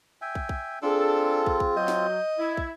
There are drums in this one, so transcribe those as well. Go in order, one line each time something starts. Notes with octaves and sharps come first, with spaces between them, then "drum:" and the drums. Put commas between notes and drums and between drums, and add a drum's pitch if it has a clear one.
E5 G5 G#5
drum: kick
drum: kick
C4 D4 F4 G#4 A4
drum: kick
drum: kick
F#3 D#5 G6
drum: snare
E4 G#6
drum: kick